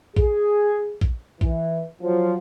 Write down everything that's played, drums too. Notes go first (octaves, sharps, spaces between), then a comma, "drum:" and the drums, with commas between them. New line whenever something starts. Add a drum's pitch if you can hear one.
G#4, drum: kick
drum: kick
E3, drum: kick
F3 F#3